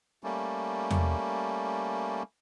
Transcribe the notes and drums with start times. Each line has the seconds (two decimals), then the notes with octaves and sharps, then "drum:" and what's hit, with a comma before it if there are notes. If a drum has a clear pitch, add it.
0.24 G3 A3 A#3 C#4
0.91 drum: tom E2